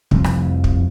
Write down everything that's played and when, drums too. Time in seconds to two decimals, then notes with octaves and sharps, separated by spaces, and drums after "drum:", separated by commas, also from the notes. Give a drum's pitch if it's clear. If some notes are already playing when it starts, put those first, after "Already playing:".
0.11 F1 C2 F3, drum: kick
0.24 drum: rim click
0.64 drum: kick